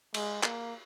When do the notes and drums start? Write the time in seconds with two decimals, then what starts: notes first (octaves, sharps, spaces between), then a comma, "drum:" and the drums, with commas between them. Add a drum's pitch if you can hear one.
0.14 G#3, drum: cymbal
0.43 A#3, drum: clap